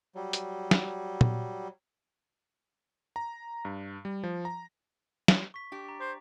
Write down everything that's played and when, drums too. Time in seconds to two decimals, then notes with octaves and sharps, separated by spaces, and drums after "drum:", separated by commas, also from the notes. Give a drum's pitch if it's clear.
0.15 F#3 G3
0.33 drum: hi-hat
0.71 drum: snare
1.21 drum: tom
3.16 A#5
3.65 G2
4.05 G3
4.23 F3
4.45 A#5
5.28 drum: snare
5.54 C#6 B6
5.72 D4 G4
5.89 A#5
6.01 C5 D6